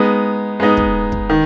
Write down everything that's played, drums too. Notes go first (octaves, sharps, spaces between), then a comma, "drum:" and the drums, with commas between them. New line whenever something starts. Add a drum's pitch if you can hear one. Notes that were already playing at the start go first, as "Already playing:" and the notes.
Already playing: G#3 B3 D#4
G#3 B3 D#4
drum: kick
drum: kick
D#3